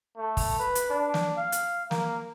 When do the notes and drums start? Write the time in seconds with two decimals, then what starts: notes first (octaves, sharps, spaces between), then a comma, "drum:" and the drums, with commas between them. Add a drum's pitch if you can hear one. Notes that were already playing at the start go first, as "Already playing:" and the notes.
0.17 A3
0.37 drum: kick, open hi-hat
0.59 B4
0.75 drum: hi-hat
0.90 D4
1.14 drum: snare
1.37 F5
1.52 drum: hi-hat
1.91 A#3, drum: snare